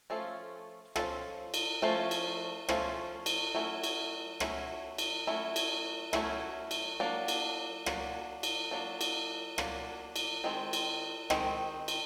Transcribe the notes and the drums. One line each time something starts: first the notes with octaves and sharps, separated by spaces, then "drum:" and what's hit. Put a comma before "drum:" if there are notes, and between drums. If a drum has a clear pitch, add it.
F3 A3 C#4 F4 A4
F3 A3 C#4 F4 A4, drum: rim click
drum: cymbal
F3 A3 C#4 F4 A4
drum: cymbal
F3 A3 C#4 F4 A4, drum: rim click
drum: cymbal
F#3 A3 C#4 E4
drum: cymbal
F#3 A3 C#4 E4, drum: rim click
drum: cymbal
F#3 A3 C#4 E4
drum: cymbal
F#3 A3 C#4 E4, drum: rim click
drum: cymbal
F#3 A#3 D4
drum: cymbal
F#3 A#3 D4, drum: rim click
drum: cymbal
F#3 A#3 D4
drum: cymbal
F#3 A#3 D4, drum: rim click
drum: cymbal
D#3 G#3 C4
drum: cymbal
D#3 G#3 C4, drum: rim click
drum: cymbal